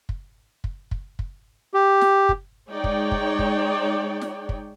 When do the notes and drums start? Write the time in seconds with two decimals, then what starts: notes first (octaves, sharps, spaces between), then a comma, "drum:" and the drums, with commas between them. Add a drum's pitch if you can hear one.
0.09 drum: kick
0.64 drum: kick
0.91 drum: kick
1.19 drum: kick
1.74 G4
2.01 drum: snare
2.29 drum: kick
2.71 G#3 D#4 C#5 D5 G5
2.84 drum: kick
3.11 drum: kick
3.39 drum: kick
4.21 drum: snare
4.49 drum: kick